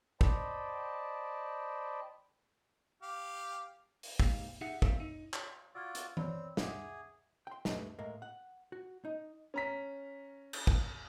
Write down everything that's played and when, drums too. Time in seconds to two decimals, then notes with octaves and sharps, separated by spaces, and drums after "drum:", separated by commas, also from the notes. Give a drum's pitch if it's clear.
0.21 C5 D5 D#5 G5 A5 B5, drum: kick
3.02 G4 F5
4.03 drum: open hi-hat
4.20 G#3 A#3 D#4 G4 C5 F5, drum: kick
4.61 D#4 G4 G#4 E5 F#5
4.82 G3 C4 F4 E5 F5, drum: kick
5.00 D#4
5.34 drum: clap
5.75 F4 F#4 D5 E6 F6 G#6
5.95 drum: hi-hat
6.17 C4 C#5 D5 B5, drum: tom E3
6.57 G#4 E5 F#5 D6, drum: snare
7.47 G5 C6
7.65 G#3 A3 G4 B4, drum: snare
7.99 A2 G#3 A#3
8.22 F#5
8.72 F#4
9.05 D#4
9.54 C#4 A#5 B6
10.53 drum: cymbal
10.67 drum: kick